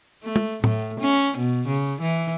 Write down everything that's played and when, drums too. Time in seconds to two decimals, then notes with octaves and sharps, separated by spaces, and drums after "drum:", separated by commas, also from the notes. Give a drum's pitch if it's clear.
0.23 A3
0.36 drum: tom
0.64 A2, drum: tom
1.00 C#4
1.38 B2
1.68 C#3
2.01 E3